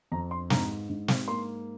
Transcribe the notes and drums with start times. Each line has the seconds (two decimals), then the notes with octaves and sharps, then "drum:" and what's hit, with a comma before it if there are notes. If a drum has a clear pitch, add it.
0.12 F2 A#5
0.31 C6
0.50 G#2 A#5, drum: snare
0.90 G#2
1.08 drum: snare
1.28 A#3 C6